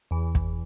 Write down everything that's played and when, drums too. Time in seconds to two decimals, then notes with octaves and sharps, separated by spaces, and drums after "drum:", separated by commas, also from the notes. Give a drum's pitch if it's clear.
0.11 E2 E3
0.35 drum: kick